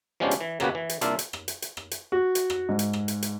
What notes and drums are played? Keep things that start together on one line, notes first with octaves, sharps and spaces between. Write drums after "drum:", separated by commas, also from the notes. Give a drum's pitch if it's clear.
F3 G#3 B3 C#4 D4 G4
drum: hi-hat
E3
C#3 A#3 B3 F#4 G4 B4, drum: rim click
E3
drum: hi-hat
C2 A#3 D4 F4 E5 F5, drum: hi-hat
drum: hi-hat
drum: rim click
drum: hi-hat
drum: hi-hat
drum: rim click
drum: hi-hat
F#4
drum: hi-hat
drum: rim click
G#2
drum: hi-hat
drum: rim click
drum: hi-hat
drum: hi-hat